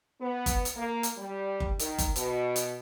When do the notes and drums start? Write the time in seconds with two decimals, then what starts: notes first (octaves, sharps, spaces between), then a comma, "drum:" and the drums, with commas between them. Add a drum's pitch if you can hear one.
0.20 B3
0.46 drum: kick F#1, hi-hat
0.65 drum: hi-hat
0.76 A#3
1.03 drum: hi-hat
1.17 G3
1.60 drum: kick F#1
1.79 D#3, drum: hi-hat
1.98 drum: kick F#1, hi-hat
2.16 B2, drum: hi-hat
2.56 drum: hi-hat